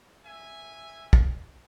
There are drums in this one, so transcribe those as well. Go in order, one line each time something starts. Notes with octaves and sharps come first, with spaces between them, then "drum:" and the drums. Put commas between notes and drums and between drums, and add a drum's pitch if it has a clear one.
E5 G#5
drum: kick